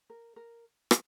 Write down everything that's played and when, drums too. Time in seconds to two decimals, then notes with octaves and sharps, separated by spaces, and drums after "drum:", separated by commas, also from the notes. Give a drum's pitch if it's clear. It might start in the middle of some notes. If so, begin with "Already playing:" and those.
0.10 A#4
0.36 A#4
0.91 drum: rim click